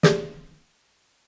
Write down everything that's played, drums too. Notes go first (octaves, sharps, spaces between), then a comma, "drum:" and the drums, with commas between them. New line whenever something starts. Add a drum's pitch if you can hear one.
A3 G4 G#4 D5, drum: snare